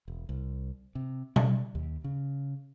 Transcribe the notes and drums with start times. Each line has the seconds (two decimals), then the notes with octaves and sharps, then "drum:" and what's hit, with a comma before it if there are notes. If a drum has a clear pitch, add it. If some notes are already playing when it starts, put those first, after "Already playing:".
0.08 E1
0.29 C2
0.95 C3
1.36 G3, drum: tom B2
1.75 D#2
2.04 C#3